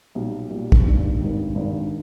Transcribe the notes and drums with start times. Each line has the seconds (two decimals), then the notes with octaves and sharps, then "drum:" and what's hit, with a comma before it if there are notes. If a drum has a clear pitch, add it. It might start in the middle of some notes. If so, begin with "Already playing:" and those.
0.15 B1 A#2 G3
0.50 B1 A#2 G3
0.72 drum: kick
0.85 G#1 G2 D#3
1.21 G#1 G2 D#3
1.55 G#1 G2 D#3